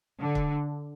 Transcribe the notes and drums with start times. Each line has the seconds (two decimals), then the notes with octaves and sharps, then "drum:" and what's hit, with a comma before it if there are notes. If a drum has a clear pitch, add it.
0.21 D3
0.35 drum: kick